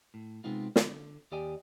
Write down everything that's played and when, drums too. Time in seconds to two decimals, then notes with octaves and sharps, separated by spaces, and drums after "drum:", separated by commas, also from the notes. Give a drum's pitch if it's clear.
0.14 A2
0.44 C3 G#3 B3 C4 D#4 F4
0.76 D3, drum: snare
1.32 D#2 G4 D5 D#5 G5 G#5